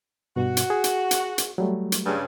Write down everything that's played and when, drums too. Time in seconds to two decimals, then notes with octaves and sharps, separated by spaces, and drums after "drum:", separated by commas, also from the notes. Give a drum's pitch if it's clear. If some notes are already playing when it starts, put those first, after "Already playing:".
0.36 G2 B2 F#4
0.57 drum: hi-hat
0.70 G#4
0.84 drum: hi-hat
1.11 drum: hi-hat
1.38 drum: hi-hat
1.58 F#3 G3 A3
1.92 drum: hi-hat
2.06 G2 C#3